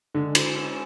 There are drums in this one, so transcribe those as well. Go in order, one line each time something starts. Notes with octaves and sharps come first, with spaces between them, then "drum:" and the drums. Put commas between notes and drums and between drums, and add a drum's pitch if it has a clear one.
D3 G#3
G#3, drum: cymbal
C#4